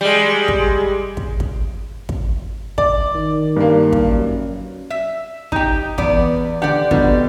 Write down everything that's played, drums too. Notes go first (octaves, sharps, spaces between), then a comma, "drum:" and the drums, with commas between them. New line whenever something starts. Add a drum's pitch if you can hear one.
G3 G#3
drum: kick
drum: kick
drum: kick
drum: kick
D5, drum: kick
D#3
G2 A#3
drum: kick
F#2
E5
D#4 G4 G5 A#5, drum: kick
E2 B3 D5, drum: kick
D3 D4 G4 D5 F#5
B2 D3 F#3 G3, drum: kick